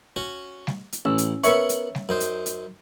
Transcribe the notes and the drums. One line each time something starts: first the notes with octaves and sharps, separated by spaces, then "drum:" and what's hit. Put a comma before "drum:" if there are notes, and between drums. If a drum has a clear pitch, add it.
C#4 F#4
drum: snare G3
drum: hi-hat
A1 C#4 E6
drum: hi-hat
B3 A#4 C#5 E5 F#5 C#6, drum: hi-hat
drum: hi-hat
drum: snare G3
F#2 D#4 C5
drum: hi-hat
drum: hi-hat